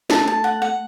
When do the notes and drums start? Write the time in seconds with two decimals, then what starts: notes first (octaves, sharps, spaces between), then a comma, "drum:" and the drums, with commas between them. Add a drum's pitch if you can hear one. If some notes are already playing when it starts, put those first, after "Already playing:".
0.10 A3 A5, drum: snare
0.27 A5
0.44 F#5
0.62 F#5